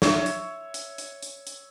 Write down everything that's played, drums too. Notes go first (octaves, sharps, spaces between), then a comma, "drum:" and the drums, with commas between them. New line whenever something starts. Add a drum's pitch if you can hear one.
C#5 E5, drum: snare
drum: hi-hat
drum: hi-hat
drum: hi-hat
drum: hi-hat
drum: hi-hat